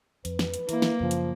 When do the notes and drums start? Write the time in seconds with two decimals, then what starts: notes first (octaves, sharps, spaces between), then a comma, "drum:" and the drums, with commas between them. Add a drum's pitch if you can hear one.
0.25 F2 B4, drum: hi-hat
0.39 drum: snare
0.54 drum: hi-hat
0.69 E3 A#3 E4, drum: hi-hat
0.82 drum: snare
1.00 F#2 C#3 F3 C#4
1.11 drum: hi-hat